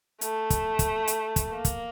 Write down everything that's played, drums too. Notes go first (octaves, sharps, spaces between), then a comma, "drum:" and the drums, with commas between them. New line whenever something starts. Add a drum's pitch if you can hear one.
A3, drum: hi-hat
drum: kick, hi-hat
drum: kick, hi-hat
drum: hi-hat
drum: kick, hi-hat
A#3
drum: kick, hi-hat